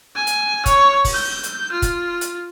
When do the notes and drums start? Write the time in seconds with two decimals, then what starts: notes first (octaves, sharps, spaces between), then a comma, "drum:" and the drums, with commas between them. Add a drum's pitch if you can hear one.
0.16 G#5
0.27 drum: hi-hat
0.66 C#5, drum: kick F1, hi-hat
1.04 drum: kick F1, open hi-hat
1.14 G6
1.43 drum: hi-hat
1.72 F4
1.82 drum: kick F1, hi-hat
2.21 drum: hi-hat